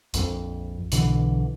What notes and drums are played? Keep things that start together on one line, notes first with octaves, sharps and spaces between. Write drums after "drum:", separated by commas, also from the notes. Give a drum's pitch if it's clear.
A#1 F2, drum: hi-hat
B1 B2 D3 E3, drum: hi-hat